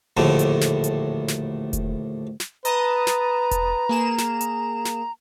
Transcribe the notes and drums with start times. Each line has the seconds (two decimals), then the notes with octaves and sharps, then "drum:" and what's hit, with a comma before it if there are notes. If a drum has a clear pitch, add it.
0.17 A#1 D#2 A2 D3 A3
0.39 drum: hi-hat
0.61 drum: snare
0.84 drum: hi-hat
1.28 drum: snare
1.73 drum: kick E1, hi-hat
2.40 drum: snare
2.65 B4 D#5 A5 A#5 D#6, drum: hi-hat
3.07 drum: snare
3.51 drum: kick E1, hi-hat
3.89 A#3 G#4 E7
4.18 drum: snare
4.41 drum: hi-hat
4.85 drum: snare